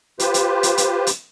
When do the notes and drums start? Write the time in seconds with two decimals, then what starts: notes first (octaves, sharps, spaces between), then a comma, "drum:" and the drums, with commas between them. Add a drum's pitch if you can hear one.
0.19 F4 G4 B4 C5, drum: hi-hat
0.34 drum: hi-hat
0.63 drum: hi-hat
0.78 drum: hi-hat
1.07 drum: hi-hat